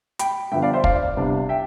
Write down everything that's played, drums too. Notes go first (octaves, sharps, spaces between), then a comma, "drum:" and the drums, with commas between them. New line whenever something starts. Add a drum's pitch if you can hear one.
G5 B5, drum: hi-hat
G2 D3 F3 B3 E5 G5
D5 F5
C5 E5
D5 F5, drum: kick
C2 C3 G3 B3 D4
E5 G5